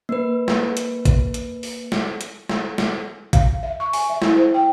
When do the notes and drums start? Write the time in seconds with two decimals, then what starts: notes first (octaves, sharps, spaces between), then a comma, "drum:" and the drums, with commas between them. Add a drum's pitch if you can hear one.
0.09 A#3 B4
0.48 drum: snare
0.77 drum: hi-hat
1.05 drum: kick A1, hi-hat
1.34 drum: hi-hat
1.63 drum: open hi-hat
1.92 drum: snare
2.21 drum: hi-hat
2.49 drum: snare
2.78 drum: snare
3.33 F5, drum: kick A1, hi-hat
3.63 E5
3.80 C#6
3.93 G#5, drum: open hi-hat
4.10 E5
4.22 E4, drum: snare
4.37 C5
4.54 G5